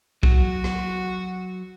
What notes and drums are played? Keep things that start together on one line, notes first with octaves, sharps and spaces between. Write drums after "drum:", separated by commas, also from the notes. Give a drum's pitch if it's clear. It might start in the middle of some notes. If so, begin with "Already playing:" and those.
F#3 F#4, drum: kick
drum: rim click